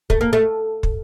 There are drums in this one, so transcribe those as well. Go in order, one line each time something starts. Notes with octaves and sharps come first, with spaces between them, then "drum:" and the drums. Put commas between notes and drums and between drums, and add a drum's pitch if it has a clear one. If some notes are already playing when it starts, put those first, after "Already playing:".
A3, drum: kick
A#3
A3
drum: kick